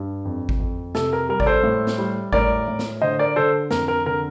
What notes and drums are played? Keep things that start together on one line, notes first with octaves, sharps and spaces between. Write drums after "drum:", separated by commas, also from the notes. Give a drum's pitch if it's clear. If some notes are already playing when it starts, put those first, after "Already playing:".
Already playing: G2
F2
drum: kick G#1
F2
C3 A4, drum: snare
A#4
G3 A#4
D5, drum: kick G#1
A4 C5
A2
drum: snare
G3
A2 A#4 D5, drum: kick G#1
A2
drum: snare
D3 C5 D#5
A#4 D5
D3 A4 C5
F2 A#4, drum: snare
A#4
D3 A#4